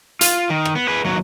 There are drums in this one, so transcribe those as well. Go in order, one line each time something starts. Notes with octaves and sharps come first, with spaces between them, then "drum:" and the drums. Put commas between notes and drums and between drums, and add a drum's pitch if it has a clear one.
F4, drum: hi-hat
D#3
drum: rim click
B3
G#4 B4
D#2 F#3